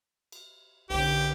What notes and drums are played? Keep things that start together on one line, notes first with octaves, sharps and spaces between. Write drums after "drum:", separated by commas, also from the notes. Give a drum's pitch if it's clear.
drum: cymbal
B1 D3 G4, drum: cymbal